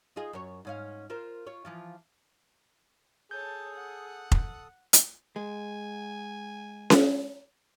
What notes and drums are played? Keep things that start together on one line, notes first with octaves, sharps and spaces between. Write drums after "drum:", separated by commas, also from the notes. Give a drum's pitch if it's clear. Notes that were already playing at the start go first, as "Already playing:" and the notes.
D#4 F4 G#4
F#2 C#5
G#2 C#4 F5
F4 A#4 C5
F4 C#5
E3 F3 F4
G#4 A4 C#5 A5 D#6 G6
F#5
drum: kick F1
drum: hi-hat
G#3 G#5
drum: snare C#4